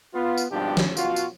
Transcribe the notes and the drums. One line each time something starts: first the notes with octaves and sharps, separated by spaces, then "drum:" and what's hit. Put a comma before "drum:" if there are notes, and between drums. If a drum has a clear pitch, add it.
B3 F4
drum: tambourine
G#1 G2 B2 F3 D4 G4
drum: snare
B2 F4 F#4, drum: tambourine
drum: tambourine